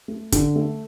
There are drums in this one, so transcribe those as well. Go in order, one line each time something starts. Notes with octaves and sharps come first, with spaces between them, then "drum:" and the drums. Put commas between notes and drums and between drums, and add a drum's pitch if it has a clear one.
A3
D3, drum: kick, hi-hat
A3